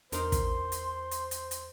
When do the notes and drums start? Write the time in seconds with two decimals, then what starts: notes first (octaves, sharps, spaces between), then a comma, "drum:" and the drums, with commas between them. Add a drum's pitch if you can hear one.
0.12 E2 D#4 A#4 C5 C6, drum: hi-hat
0.32 drum: kick, hi-hat
0.72 drum: hi-hat
1.11 drum: hi-hat
1.31 drum: hi-hat
1.51 drum: hi-hat